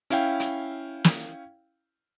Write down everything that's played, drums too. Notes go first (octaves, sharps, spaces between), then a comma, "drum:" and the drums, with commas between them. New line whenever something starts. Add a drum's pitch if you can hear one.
C#4 E4 F5 G5, drum: hi-hat
drum: hi-hat
drum: snare